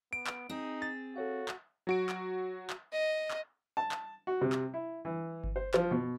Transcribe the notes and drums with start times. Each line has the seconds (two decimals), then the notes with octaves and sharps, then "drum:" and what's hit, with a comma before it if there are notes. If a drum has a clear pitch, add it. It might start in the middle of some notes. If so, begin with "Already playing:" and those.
0.13 B3 D7
0.27 drum: clap
0.49 C4 D#4 G#4
0.82 A6
1.16 F#4 A4 C#5 F5
1.49 drum: clap
1.87 F#3 F#4 D7
2.09 drum: clap
2.70 drum: clap
2.93 D#5
3.31 drum: clap
3.77 A5
3.92 drum: clap
4.27 F#4
4.41 C3
4.52 drum: clap
4.74 E4
5.05 E3
5.44 drum: kick G1
5.56 C5
5.74 F3, drum: clap
5.91 B2